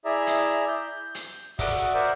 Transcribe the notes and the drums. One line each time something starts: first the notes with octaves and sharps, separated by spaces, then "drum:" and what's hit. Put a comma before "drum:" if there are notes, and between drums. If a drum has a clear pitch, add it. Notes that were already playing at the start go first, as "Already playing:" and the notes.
E4 G#4 D5 E5 A#5
drum: hi-hat
G6
drum: hi-hat
F#4 D5 E5 F#5 D#6, drum: kick, open hi-hat
A#4 C5 D5 E5 F#5